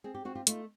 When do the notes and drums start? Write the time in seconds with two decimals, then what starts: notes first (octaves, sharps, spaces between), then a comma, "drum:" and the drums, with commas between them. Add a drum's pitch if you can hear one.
0.04 C4 G#4
0.15 G4
0.25 C4 F#4
0.35 F4 G4
0.47 A3 D#4 F4, drum: hi-hat